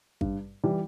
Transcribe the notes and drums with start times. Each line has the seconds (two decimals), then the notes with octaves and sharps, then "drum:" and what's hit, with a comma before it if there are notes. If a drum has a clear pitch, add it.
0.21 G2, drum: kick G#1
0.64 E3 G3